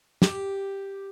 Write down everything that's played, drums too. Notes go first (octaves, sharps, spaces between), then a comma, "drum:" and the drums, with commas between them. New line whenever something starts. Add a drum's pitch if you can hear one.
G4, drum: snare